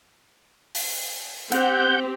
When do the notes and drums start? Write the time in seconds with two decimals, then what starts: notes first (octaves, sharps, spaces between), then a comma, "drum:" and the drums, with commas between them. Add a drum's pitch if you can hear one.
0.75 drum: open hi-hat
1.52 C4 G4 F#5 G6, drum: hi-hat